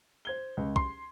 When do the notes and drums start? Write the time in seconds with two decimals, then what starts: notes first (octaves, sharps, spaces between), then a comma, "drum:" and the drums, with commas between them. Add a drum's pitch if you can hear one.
0.25 C5 G#6 G7
0.57 C#2
0.76 C6, drum: kick